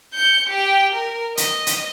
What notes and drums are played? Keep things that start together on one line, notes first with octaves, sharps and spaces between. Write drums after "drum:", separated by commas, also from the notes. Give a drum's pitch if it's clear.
G6 C#7
G4 G5
A#4
D#5, drum: hi-hat
drum: hi-hat